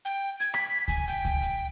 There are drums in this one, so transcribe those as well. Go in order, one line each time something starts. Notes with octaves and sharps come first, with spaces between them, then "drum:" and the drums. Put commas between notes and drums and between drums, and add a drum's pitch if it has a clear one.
G5
G#6, drum: hi-hat
B6, drum: rim click
G#5, drum: kick C#2, hi-hat
G5, drum: hi-hat
drum: kick C#2, hi-hat
drum: hi-hat